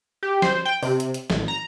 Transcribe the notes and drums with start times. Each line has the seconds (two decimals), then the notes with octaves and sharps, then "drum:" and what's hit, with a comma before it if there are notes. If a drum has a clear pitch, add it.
0.23 G4
0.42 C5, drum: snare
0.65 G5
0.83 C3, drum: open hi-hat
1.00 drum: hi-hat
1.14 drum: hi-hat
1.30 A1, drum: snare
1.48 A#5